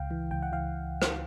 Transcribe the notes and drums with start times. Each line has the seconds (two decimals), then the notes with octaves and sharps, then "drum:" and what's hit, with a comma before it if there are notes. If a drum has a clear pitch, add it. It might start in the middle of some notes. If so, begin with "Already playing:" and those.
Already playing: C#2 F5 G5
0.11 E3
0.31 C#2 G5
0.43 F#5
0.52 E3 F5 G5
1.02 drum: rim click